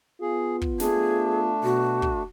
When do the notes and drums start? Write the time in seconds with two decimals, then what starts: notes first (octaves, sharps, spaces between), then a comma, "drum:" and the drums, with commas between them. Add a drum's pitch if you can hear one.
0.21 B3 F4 G#4
0.61 drum: kick
0.80 A3 D4 G#4, drum: snare
1.64 B2 F#4
2.02 drum: kick